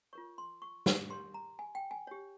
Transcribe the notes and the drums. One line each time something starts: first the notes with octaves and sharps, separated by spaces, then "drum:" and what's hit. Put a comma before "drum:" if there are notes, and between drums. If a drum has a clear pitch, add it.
F4 A#4 C#5 C#6
C6
C#6
drum: snare
G4 A#4 C#5 C6
A#5
G#5
G5
G#5
G4 C#5